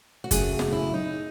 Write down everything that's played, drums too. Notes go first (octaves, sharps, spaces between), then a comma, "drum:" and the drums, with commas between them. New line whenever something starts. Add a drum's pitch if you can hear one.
F#4
F#2 C#3 F#3 A3 G#4, drum: kick F#1, hi-hat
drum: snare
E4
D#4